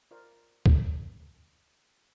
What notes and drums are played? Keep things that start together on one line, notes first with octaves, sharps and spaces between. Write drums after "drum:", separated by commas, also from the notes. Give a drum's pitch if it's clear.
F4 A#4 C5 D5 F5
drum: kick